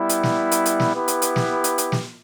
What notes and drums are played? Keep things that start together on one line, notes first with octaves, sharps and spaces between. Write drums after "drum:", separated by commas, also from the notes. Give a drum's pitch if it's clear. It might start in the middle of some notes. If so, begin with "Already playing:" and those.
Already playing: G3 B3 E4
drum: hi-hat
drum: snare
drum: hi-hat
drum: hi-hat
drum: snare
B3 E4 G4 B4
drum: hi-hat
drum: hi-hat
drum: snare
drum: hi-hat
drum: hi-hat
drum: snare